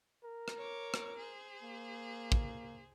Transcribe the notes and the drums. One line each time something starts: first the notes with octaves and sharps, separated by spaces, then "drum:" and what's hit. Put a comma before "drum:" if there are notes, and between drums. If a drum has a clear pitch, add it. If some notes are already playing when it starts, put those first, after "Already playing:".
A#4
drum: rim click
C#5 D6
drum: rim click
G#4 C5
A#3
drum: kick